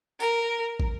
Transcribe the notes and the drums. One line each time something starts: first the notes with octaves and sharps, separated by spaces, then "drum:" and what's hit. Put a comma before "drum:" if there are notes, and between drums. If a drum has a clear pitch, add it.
A#4, drum: tambourine
drum: kick